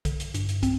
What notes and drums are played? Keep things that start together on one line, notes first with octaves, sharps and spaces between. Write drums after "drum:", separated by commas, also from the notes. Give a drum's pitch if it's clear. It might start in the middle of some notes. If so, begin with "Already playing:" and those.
D3, drum: kick, hi-hat
drum: hi-hat
G2, drum: hi-hat
drum: hi-hat
C4, drum: kick, hi-hat